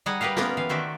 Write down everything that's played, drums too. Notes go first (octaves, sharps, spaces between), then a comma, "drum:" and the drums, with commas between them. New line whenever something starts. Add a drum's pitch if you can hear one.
G3 D#4 G#4 D#5 F#5
G4 A#4 B4 D#5 F5
B3 C#4 F4 G4 A#4, drum: snare
E3 F5
D#3 A3 F#4 C5 D5 E5